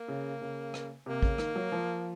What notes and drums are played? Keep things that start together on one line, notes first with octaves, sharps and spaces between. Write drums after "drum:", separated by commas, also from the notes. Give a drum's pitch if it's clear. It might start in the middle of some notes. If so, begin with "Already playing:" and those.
Already playing: A#3
C#3
C#3
drum: rim click
C3 A#3
C#3, drum: kick
D#3, drum: rim click
F#3
F3